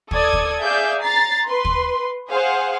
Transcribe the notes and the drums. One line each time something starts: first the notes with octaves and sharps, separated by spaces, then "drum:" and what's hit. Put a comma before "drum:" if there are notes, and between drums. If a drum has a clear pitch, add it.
A4 D5 D#6 G#6, drum: kick
drum: kick
G#4 D5 E5 F5 G6
A#5 A6 C7
B4 C6
drum: kick
G#4 C5 F5 F#5